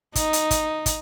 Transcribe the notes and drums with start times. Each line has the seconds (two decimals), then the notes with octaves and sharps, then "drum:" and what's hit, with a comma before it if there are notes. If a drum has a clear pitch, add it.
0.15 D#4, drum: kick, hi-hat
0.33 drum: hi-hat
0.51 drum: kick, hi-hat
0.86 drum: kick, hi-hat